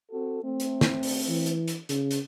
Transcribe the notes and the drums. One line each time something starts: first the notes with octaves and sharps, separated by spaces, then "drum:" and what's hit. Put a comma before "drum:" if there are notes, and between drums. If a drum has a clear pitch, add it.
C4 F#4 A4
A3 C4
drum: hi-hat
drum: snare
drum: open hi-hat
E3
drum: hi-hat
drum: hi-hat
C#3, drum: hi-hat
drum: hi-hat